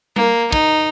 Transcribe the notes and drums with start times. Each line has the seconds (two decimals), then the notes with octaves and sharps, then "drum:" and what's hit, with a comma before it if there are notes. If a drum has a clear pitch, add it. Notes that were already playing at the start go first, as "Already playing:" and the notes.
0.16 A#3, drum: tom G3
0.53 D#4, drum: kick